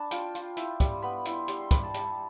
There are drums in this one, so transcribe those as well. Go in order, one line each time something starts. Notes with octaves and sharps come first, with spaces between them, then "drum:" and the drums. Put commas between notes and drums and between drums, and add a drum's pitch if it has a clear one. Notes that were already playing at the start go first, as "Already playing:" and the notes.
Already playing: D4 A5 B5
F4 G5, drum: hi-hat
F4, drum: hi-hat
E4, drum: hi-hat
G3, drum: kick, hi-hat
B3 B5
E4 C6, drum: hi-hat
G3 C6, drum: hi-hat
C6
G3 B5, drum: kick, hi-hat
A5
G3, drum: hi-hat